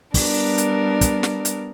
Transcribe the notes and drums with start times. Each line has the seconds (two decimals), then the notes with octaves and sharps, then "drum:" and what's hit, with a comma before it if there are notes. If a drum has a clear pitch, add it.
0.14 G3 B3 D4 A#4, drum: kick, open hi-hat
0.58 drum: hi-hat
1.01 drum: kick, hi-hat
1.23 drum: snare
1.45 drum: hi-hat